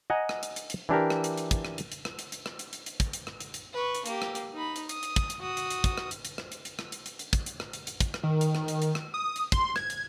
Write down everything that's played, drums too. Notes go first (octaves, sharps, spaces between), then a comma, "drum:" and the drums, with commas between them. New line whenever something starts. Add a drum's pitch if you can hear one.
D#5 F#5 G#5 A#5
drum: rim click
drum: hi-hat
drum: hi-hat
drum: hi-hat
E3 D4 G4 A#4
drum: rim click
drum: hi-hat
drum: hi-hat
drum: kick, hi-hat
drum: rim click
drum: hi-hat
drum: hi-hat
drum: rim click
drum: hi-hat
drum: hi-hat
drum: rim click
drum: hi-hat
drum: hi-hat
drum: hi-hat
drum: kick, hi-hat
drum: hi-hat
drum: rim click
drum: hi-hat
drum: hi-hat
B4 C#6
drum: hi-hat
A#3 G4, drum: hi-hat
drum: rim click
drum: hi-hat
D#4 B5
drum: hi-hat
D#6, drum: hi-hat
drum: hi-hat
drum: kick, hi-hat
drum: hi-hat
F#4 D#6
drum: hi-hat
drum: hi-hat
drum: kick, hi-hat
drum: rim click
drum: hi-hat
drum: hi-hat
drum: rim click
drum: hi-hat
drum: hi-hat
drum: rim click
drum: hi-hat
drum: hi-hat
drum: hi-hat
drum: kick, hi-hat
drum: hi-hat
drum: rim click
drum: hi-hat
drum: hi-hat
drum: kick, hi-hat
drum: rim click
D#3
drum: hi-hat
drum: rim click
drum: hi-hat
drum: hi-hat
drum: rim click
D#6
drum: hi-hat
C6, drum: kick, hi-hat
G#6, drum: rim click
drum: hi-hat